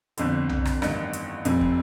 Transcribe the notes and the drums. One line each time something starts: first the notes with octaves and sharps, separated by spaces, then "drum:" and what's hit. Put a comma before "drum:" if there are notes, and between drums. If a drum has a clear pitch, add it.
G1 F2 D3, drum: hi-hat
drum: tom B1
drum: rim click
A1 G2 D#3, drum: rim click
drum: hi-hat
F1 F2 C3, drum: hi-hat
drum: kick